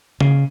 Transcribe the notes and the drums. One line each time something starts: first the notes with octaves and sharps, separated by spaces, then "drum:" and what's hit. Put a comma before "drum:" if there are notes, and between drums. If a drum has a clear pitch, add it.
C#3, drum: tom C#3